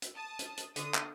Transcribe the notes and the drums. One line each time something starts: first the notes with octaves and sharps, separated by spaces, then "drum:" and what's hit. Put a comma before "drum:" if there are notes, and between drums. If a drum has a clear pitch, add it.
drum: hi-hat
A5 D#6
drum: hi-hat
drum: hi-hat
D3 D#6, drum: hi-hat
drum: clap